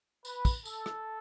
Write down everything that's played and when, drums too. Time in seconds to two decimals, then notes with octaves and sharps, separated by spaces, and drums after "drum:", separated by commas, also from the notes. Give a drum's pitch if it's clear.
0.25 B4, drum: tambourine
0.45 drum: kick, tambourine
0.66 A4, drum: tambourine
0.86 drum: rim click